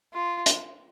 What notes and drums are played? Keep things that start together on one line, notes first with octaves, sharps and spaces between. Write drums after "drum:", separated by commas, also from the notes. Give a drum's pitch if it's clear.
F4
drum: hi-hat